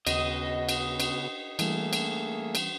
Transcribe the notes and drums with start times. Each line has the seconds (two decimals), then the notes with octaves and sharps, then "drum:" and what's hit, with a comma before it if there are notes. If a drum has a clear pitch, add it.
0.07 D#2 C#3 B3 F#4 D#5, drum: cymbal
0.69 drum: cymbal
1.00 drum: cymbal
1.59 E3 G3 A3 A#3 G#4, drum: cymbal
1.93 drum: cymbal
2.55 drum: cymbal